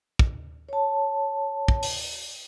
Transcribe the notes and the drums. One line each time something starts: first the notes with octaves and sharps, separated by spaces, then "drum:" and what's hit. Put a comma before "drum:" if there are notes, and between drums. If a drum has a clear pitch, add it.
drum: kick
C#5 A5
drum: kick
drum: open hi-hat